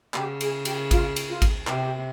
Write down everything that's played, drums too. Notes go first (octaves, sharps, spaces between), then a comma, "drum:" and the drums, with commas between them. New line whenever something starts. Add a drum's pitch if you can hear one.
C#3 G4, drum: clap
G#4, drum: cymbal
G4, drum: cymbal
F4, drum: kick G#1, cymbal
drum: cymbal
F4
drum: kick G#1, cymbal
C3 G4, drum: clap